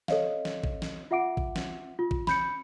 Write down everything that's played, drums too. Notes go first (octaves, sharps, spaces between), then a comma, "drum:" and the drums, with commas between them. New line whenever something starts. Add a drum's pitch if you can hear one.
A4 C#5 D#5 F5, drum: snare
drum: snare
drum: kick A1
drum: snare
F4 E5 F#5 D6 D7
drum: kick A1
drum: snare
F4
drum: kick A1
B5 G6 C#7, drum: snare